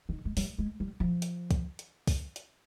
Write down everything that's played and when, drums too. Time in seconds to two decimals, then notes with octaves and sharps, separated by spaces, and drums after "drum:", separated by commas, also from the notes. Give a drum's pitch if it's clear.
0.09 D#3
0.25 G#3
0.37 G3, drum: open hi-hat
0.58 G#3
0.80 G3
1.00 F3
1.22 drum: hi-hat
1.51 drum: kick, hi-hat
1.79 drum: hi-hat
2.07 drum: kick, open hi-hat
2.36 drum: hi-hat